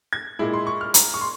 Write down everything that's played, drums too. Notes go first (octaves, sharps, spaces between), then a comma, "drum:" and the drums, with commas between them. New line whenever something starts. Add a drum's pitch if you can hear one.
G#6
A#2 G#3 E4
C6
C#6
F6
A#5, drum: hi-hat
C#6
C6